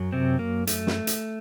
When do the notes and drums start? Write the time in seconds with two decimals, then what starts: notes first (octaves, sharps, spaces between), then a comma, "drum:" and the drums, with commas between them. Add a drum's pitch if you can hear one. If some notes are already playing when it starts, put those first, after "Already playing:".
Already playing: F#2 F#3
0.12 C3 C4
0.39 A#3
0.67 A3, drum: hi-hat
0.87 drum: snare
1.07 drum: hi-hat